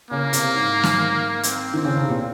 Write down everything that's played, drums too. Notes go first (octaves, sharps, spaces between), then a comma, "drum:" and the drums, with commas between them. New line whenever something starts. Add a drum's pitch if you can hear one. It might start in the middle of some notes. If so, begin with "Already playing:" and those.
C#3 A#3
C3, drum: hi-hat
G#2
drum: snare
C4, drum: hi-hat
D#3 C4
C#3
C3
A#2